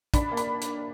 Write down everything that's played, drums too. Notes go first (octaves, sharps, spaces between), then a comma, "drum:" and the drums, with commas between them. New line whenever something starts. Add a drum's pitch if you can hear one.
D4 B5, drum: kick, hi-hat
A#3
B5, drum: hi-hat
drum: hi-hat